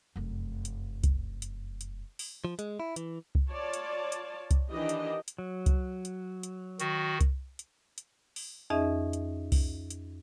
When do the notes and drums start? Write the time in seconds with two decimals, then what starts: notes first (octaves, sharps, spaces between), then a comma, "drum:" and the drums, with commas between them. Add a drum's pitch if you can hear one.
0.16 F1 F#2
0.65 drum: hi-hat
1.04 drum: kick C2, hi-hat
1.42 drum: hi-hat
1.81 drum: hi-hat
2.19 drum: open hi-hat
2.45 F3
2.59 G#3, drum: hi-hat
2.80 E4
2.96 E3, drum: hi-hat
3.35 drum: kick C2
3.48 F4 C#5 D5 A5
3.73 drum: hi-hat
4.12 drum: hi-hat
4.51 drum: kick C2, hi-hat
4.71 D#3 E3 D4 G4 D#5
4.89 drum: hi-hat
5.28 drum: hi-hat
5.38 F#3
5.66 drum: kick C2, hi-hat
6.05 drum: hi-hat
6.43 drum: hi-hat
6.80 D#3 F#4, drum: hi-hat
7.21 drum: kick C2, hi-hat
7.59 drum: hi-hat
7.98 drum: hi-hat
8.36 drum: open hi-hat
8.70 F2 C#4 D#4 G#4 D#5 E5
9.13 drum: hi-hat
9.52 drum: kick C2, open hi-hat
9.90 drum: hi-hat